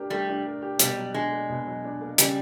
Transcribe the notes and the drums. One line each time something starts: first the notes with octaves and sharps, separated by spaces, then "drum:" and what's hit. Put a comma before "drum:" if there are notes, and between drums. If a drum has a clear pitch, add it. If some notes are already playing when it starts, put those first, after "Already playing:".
Already playing: A3 D4 G4 A#4
G3 A3
D4
A#4
G4
B2 G3, drum: hi-hat
F#3
G#3 D4
A#3
B2
F#3
D4
A#3
C#3 G3, drum: hi-hat